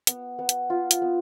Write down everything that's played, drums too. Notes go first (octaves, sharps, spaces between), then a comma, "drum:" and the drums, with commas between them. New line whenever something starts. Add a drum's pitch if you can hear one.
B3, drum: hi-hat
B3
drum: hi-hat
F4
drum: hi-hat
B3